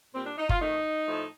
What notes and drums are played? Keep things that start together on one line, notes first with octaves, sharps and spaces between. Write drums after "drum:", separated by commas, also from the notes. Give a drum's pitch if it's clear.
A#2 G3 C4
D4
D#4
F4, drum: kick F#1
F2 D#3 A3 D#4
A2 F3 A3